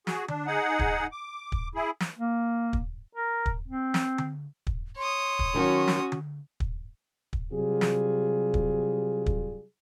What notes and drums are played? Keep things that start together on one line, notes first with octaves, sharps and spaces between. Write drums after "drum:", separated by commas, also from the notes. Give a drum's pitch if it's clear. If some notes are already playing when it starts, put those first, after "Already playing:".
F#4 G#4, drum: snare
D4, drum: tom D3
D#4 G#4 F#5
drum: kick
D6
drum: kick
E4 G#4
drum: snare
A#3
drum: kick
A#4
drum: kick
C4
drum: snare
drum: tom D3
drum: kick
C#5 C6 D#6
drum: kick
D#3 F#3 C#4 F#4
drum: snare
drum: tom D3
drum: kick
drum: kick
C3 F#3 G3 F4 G#4
drum: snare
drum: kick
drum: kick